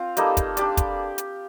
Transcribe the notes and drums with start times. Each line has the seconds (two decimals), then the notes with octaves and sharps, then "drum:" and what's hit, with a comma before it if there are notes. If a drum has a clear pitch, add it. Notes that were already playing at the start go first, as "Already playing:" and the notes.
Already playing: C4 F4
0.17 G3 A#3 D#4 A4, drum: hi-hat
0.37 drum: kick, hi-hat
0.57 D4 G4 D5, drum: hi-hat
0.77 drum: kick, hi-hat
1.18 drum: hi-hat